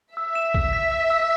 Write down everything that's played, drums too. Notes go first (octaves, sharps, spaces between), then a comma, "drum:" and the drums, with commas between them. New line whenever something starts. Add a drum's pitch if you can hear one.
E5 E6
E7
E6, drum: kick
B6
B6
E6